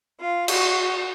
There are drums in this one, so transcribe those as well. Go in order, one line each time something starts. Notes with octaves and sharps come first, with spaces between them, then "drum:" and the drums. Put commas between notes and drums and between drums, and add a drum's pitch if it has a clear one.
F4
F#4, drum: cymbal